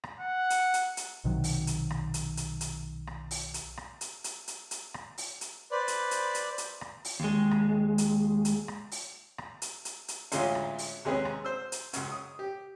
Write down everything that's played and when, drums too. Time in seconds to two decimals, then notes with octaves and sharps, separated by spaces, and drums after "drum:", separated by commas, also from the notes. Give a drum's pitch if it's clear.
0.04 drum: rim click
0.20 F#5
0.50 drum: hi-hat
0.74 drum: hi-hat
0.97 drum: hi-hat
1.24 B1 C3 D#3 F#3
1.44 drum: open hi-hat
1.67 drum: hi-hat
1.90 drum: rim click
2.14 drum: hi-hat
2.37 drum: hi-hat
2.61 drum: hi-hat
3.07 drum: rim click
3.31 drum: open hi-hat
3.54 drum: hi-hat
3.77 drum: rim click
4.01 drum: hi-hat
4.24 drum: hi-hat
4.48 drum: hi-hat
4.71 drum: hi-hat
4.94 drum: rim click
5.18 drum: open hi-hat
5.41 drum: hi-hat
5.71 B4 C5 D5 B5
5.88 drum: hi-hat
6.11 drum: hi-hat
6.34 drum: hi-hat
6.58 drum: hi-hat
6.81 drum: rim click
7.05 drum: open hi-hat
7.20 D#2 G#3
7.51 drum: rim click
7.98 drum: hi-hat
8.45 drum: hi-hat
8.68 drum: rim click
8.92 drum: open hi-hat
9.38 drum: rim click
9.62 drum: hi-hat
9.85 drum: hi-hat
10.08 drum: hi-hat
10.32 A1 D2 G#3 C#4 F4 C6, drum: hi-hat
10.55 drum: rim click
10.78 drum: open hi-hat
11.05 D#2 C3 G#3 C#4 G#4 B4
11.25 drum: rim click
11.45 C5 E6
11.72 drum: hi-hat
11.93 C#2 F#2, drum: hi-hat
12.10 D#6
12.39 G4